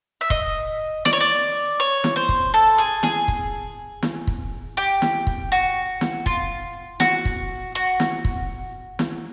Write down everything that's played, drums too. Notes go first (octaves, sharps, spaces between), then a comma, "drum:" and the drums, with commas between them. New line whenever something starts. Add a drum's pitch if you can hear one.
E5
D#5, drum: kick
D5, drum: snare
C#5
D5
C#5
drum: snare
C5
drum: kick
A4
G#4
G#4, drum: snare
drum: kick
drum: snare
drum: kick
G4
drum: snare
drum: kick
F#4
drum: snare
F4, drum: kick
F#4, drum: snare
drum: kick
F#4
drum: snare
drum: kick
drum: snare